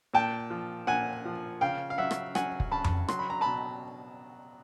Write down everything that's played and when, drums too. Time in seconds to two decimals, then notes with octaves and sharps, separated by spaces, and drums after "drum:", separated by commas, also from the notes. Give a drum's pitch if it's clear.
0.14 A#2 G5 A5
0.50 F3
0.87 A#2 F#5 G#5
1.25 F3
1.61 C#3 F5 G5
1.90 F5
1.98 F#3 E5 F#5
2.11 drum: rim click
2.35 F#3 F#5 G#5, drum: rim click
2.60 drum: kick
2.71 C#3 A5 B5
2.84 drum: tom F2
3.08 F#3 C6, drum: rim click
3.19 B5
3.30 A#5
3.41 B2 A5 B5